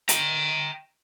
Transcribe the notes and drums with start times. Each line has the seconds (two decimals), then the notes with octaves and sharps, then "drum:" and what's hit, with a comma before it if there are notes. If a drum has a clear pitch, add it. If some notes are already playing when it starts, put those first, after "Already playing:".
0.09 G5 A#5, drum: hi-hat